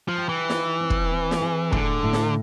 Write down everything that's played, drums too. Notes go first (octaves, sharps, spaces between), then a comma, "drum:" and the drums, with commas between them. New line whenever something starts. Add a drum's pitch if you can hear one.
F3
G4
E3
D#4, drum: snare
C4
drum: kick
C4
drum: snare
G#4
A2 D3, drum: kick
A2
drum: snare